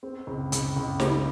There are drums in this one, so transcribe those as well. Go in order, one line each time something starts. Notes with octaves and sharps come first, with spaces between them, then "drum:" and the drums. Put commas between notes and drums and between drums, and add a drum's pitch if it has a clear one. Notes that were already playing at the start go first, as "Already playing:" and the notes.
C4
C#2
C#2, drum: hi-hat
C#2
C#2, drum: snare